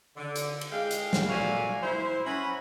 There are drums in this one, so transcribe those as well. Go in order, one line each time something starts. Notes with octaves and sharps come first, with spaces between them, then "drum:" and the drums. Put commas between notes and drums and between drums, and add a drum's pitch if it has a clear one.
D3
drum: hi-hat
drum: cymbal
G#3 F5 G5
drum: hi-hat
drum: snare
A#2 A3 D4 F#4 F5 G#5
E4 C5
C#4 F#5 G#5 A#5 B5